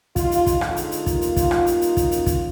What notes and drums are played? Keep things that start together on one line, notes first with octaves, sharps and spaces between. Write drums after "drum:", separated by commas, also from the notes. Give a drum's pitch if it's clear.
C3 F3 G#3 D#4 F4, drum: kick, hi-hat
drum: hi-hat
drum: kick, hi-hat
D3 F3 G#3 D#4 F4, drum: rim click
drum: hi-hat
drum: hi-hat
D3 G3 A#3, drum: kick, hi-hat
drum: hi-hat
drum: kick, hi-hat
B2 G3 A#3, drum: rim click
drum: hi-hat
drum: hi-hat
C#3 F#3 A#3, drum: kick, hi-hat
drum: hi-hat
drum: kick, hi-hat